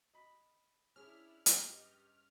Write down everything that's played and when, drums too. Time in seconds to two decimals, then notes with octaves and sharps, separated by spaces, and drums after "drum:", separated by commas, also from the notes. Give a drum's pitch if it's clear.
0.14 D#5 B5
0.96 C#4 D4 E4 G#4 F6
1.46 G2 C#4 G4 D#5, drum: hi-hat